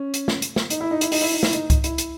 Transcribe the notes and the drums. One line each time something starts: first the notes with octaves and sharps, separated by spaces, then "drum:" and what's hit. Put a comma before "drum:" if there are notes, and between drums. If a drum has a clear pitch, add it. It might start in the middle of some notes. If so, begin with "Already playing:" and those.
Already playing: C#4
drum: hi-hat
drum: snare
drum: hi-hat
drum: snare
D#4, drum: hi-hat
E4
D#4
E4, drum: hi-hat
D#4, drum: open hi-hat
E4
D#4
E4, drum: snare
D#4, drum: hi-hat
drum: kick C2, hi-hat
E4, drum: hi-hat
drum: hi-hat